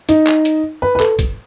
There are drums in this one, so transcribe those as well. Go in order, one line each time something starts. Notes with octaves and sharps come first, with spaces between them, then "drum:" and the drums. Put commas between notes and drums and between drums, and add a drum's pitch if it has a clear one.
D#4, drum: hi-hat
drum: clap
drum: hi-hat
B4
B4
A4, drum: clap
drum: kick, hi-hat